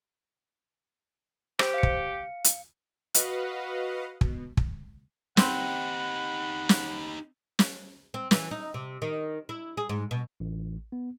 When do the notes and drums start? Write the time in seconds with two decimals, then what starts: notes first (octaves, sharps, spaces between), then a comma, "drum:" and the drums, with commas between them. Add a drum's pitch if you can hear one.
1.59 G4 C5, drum: rim click
1.74 F5 C#7
1.83 drum: kick
2.44 drum: hi-hat
3.14 F#4 B4 D#5 F5 F#5, drum: hi-hat
4.21 B2, drum: kick
4.57 drum: kick
5.37 C4 D#4 G4 F#5 B5, drum: snare
6.69 drum: snare
7.59 drum: snare
8.14 C4
8.31 E3, drum: snare
8.51 D#4
8.74 C3
9.02 D#3
9.49 E4
9.77 G#4
9.89 G#2
10.11 B2
10.40 A1
10.92 B3